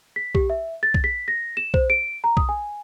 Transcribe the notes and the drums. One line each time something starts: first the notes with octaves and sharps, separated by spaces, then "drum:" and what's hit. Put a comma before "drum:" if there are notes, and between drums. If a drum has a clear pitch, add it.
B6
G4, drum: kick B1
E5
A6
drum: kick B1
B6
A#6
E7
C5, drum: kick B1
D7
A#5
D#6, drum: kick B1
G#5